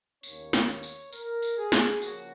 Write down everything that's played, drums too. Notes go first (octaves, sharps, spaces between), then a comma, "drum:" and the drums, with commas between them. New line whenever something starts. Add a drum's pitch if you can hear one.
D#2 D#3 A#3 C#4 C#5, drum: tambourine
drum: snare
C#5
drum: tambourine
A#4, drum: tambourine
drum: tambourine
G#4
drum: snare
C#3 F3 A#3 F#4, drum: tambourine